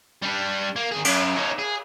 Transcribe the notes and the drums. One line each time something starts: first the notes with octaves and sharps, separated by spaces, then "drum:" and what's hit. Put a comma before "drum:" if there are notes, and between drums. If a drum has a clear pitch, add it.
G3 D4
A#3
D#3 G#4
F#2, drum: cymbal
C#4 D#4
G#4